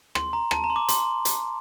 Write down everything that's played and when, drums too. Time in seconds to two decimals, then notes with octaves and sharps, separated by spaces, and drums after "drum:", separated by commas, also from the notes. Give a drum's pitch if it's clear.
0.15 C6, drum: rim click
0.33 A#5
0.51 A5, drum: rim click
0.64 A#5
0.70 C6
0.76 D6
0.89 C6, drum: hi-hat
1.25 drum: hi-hat